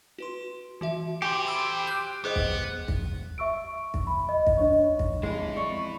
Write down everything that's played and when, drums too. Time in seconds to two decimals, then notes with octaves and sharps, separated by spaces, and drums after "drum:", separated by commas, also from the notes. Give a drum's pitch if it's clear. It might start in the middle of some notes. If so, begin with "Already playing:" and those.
0.19 F#4 B4 C6
0.81 E3 F#4 E5
1.22 G4 A4 C5 G#5
1.47 B5 E6
1.87 F#6 G6
2.25 B3 G#4 C5 D#5
2.35 drum: kick
2.88 drum: kick
3.38 E5 C#6 E6 D7
3.94 drum: kick
4.07 B5
4.29 D#5
4.47 drum: kick
4.57 D4 C#5 D#5 C#6
4.99 drum: kick
5.23 B1 E2 C3 E3 G#3 E4
5.56 F2 D5 C#6 C#7